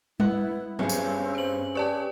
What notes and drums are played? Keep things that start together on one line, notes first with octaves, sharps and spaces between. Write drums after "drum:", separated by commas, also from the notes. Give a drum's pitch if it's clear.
B3 E4 F#5, drum: tom G3
G1 G2 C4 C#4 G#4
drum: tambourine
C5 F#7
G4 B4 C#5 D5 A5